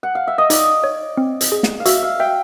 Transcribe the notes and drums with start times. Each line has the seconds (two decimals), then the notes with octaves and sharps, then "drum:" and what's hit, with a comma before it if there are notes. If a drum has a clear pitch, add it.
0.03 F#5
0.15 F5
0.27 E5
0.38 D#5
0.50 D#4 D5, drum: hi-hat
0.84 C#5
1.17 C4
1.41 drum: hi-hat
1.52 G#4
1.63 drum: snare
1.80 F5
1.85 F#4 E5, drum: hi-hat
2.03 F5
2.20 E5 G5